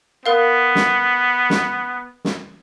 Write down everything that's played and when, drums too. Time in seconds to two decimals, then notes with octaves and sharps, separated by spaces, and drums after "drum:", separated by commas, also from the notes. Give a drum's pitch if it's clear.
0.26 B3 A#4 F5
0.75 drum: snare
1.50 drum: snare
2.25 drum: snare